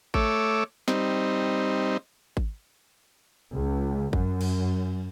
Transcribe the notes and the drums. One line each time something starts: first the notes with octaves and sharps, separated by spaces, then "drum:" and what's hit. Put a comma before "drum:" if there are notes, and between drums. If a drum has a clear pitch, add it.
A3 C#5 D6 E6, drum: kick G#1
G3 C4 D#4, drum: snare
drum: kick G#1
C#2
F#2, drum: kick G#1
drum: cymbal